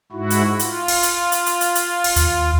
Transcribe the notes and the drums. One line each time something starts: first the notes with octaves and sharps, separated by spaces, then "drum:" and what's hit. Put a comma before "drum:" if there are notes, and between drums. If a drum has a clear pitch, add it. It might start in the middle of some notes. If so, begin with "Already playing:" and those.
G#2 E4 F#4
drum: hi-hat
F4, drum: hi-hat
drum: open hi-hat
drum: hi-hat
drum: hi-hat
drum: hi-hat
drum: hi-hat
drum: hi-hat
drum: open hi-hat
D#2, drum: hi-hat